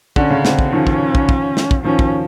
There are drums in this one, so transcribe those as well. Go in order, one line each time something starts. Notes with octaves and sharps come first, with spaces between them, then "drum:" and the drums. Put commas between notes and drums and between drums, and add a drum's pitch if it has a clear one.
D3 C#4, drum: kick
C#3
D3 C4, drum: snare
drum: kick
D#3 F3 C#4
drum: kick
drum: kick
drum: kick
drum: snare
drum: kick
D#3 F3 C#4
drum: kick